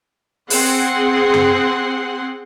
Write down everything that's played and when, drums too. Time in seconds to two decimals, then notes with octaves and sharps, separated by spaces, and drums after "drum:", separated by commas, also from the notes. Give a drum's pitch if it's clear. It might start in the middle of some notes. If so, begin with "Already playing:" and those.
0.50 C4 G#4 F#5 C6, drum: open hi-hat
1.34 drum: tom